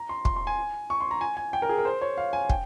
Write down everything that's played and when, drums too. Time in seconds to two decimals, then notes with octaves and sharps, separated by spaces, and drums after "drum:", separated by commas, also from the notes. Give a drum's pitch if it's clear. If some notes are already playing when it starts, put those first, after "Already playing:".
Already playing: A#5
0.09 C6
0.25 C6, drum: kick
0.36 C6
0.47 G#5
0.90 C#6
1.01 C6
1.11 A#5
1.21 G#5
1.37 G#5
1.53 G5
1.62 A#4
1.69 G#4
1.78 A#4
1.85 C5
2.01 C#5
2.17 F5
2.33 G#5
2.50 G5, drum: kick